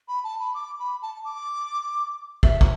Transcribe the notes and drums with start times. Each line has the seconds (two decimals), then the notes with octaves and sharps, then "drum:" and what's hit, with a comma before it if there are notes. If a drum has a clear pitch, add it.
0.08 B5
0.24 A5
0.39 B5
0.54 D6
0.79 B5
1.02 A5
1.24 D6
2.43 E5, drum: kick
2.61 E5, drum: kick